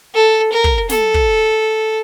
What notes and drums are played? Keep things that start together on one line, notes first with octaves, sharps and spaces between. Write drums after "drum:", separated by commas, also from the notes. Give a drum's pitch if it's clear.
A4
A#4
drum: kick
A4, drum: snare
drum: kick